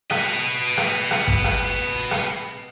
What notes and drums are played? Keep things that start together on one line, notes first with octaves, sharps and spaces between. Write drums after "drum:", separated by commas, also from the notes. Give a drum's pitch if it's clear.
B4 D#5, drum: rim click
drum: rim click
drum: rim click
drum: kick
drum: rim click
drum: rim click